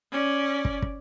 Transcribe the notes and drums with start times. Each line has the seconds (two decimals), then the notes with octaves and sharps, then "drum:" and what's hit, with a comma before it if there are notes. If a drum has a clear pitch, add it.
0.12 C#4 D5
0.65 drum: kick
0.82 drum: kick